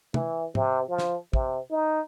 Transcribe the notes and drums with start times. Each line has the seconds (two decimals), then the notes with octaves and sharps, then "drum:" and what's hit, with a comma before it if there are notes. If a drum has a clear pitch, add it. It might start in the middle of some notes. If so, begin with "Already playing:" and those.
0.14 E3, drum: tom
0.55 C3, drum: tom
0.88 F3
0.98 drum: snare
1.33 C3, drum: kick
1.71 D#4